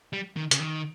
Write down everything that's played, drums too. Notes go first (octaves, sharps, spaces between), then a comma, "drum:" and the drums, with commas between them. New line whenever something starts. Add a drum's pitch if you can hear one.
G3
D#3
C#3, drum: hi-hat
D#3